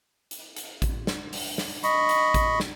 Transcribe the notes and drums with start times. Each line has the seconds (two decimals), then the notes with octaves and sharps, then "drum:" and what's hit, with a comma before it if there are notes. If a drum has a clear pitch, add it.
0.31 drum: hi-hat
0.56 drum: hi-hat
0.82 drum: kick A1, hi-hat
1.07 drum: snare
1.33 drum: open hi-hat
1.58 drum: snare
1.84 D#5 B5 C#6, drum: hi-hat
2.09 drum: hi-hat
2.34 drum: kick A1, hi-hat
2.60 drum: snare